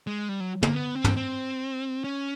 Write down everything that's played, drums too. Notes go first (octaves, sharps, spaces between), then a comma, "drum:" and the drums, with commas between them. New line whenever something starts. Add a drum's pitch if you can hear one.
G#3
G3
F#3
A#3, drum: tom
B3
C4
drum: tom
C4
C#4